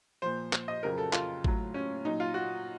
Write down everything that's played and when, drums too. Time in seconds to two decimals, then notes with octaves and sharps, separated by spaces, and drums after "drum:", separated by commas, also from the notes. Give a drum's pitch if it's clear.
0.22 A#2 F3 C5
0.53 drum: clap
0.68 D#5
0.83 F2 C#3 F#3 A#4
0.98 A4
1.13 F4, drum: clap
1.44 A2 F#3, drum: kick G#1
1.74 C#4
2.04 A#2 F#3 D#4
2.20 F4
2.34 F#4